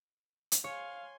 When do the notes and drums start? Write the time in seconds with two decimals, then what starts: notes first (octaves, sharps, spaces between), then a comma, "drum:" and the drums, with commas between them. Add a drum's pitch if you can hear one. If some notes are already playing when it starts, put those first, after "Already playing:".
0.52 drum: hi-hat
0.64 C#5 F5 G#5 C6